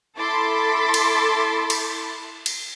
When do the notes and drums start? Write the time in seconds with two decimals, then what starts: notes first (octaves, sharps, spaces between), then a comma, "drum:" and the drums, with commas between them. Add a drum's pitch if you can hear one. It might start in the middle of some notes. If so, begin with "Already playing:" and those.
0.18 E4 A4 C6 D6 A6 B6
0.94 drum: cymbal
1.70 drum: cymbal
2.46 drum: cymbal